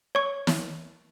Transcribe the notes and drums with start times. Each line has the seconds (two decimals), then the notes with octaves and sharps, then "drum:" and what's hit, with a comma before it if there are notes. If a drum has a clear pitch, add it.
0.15 C#5 C#6
0.47 drum: snare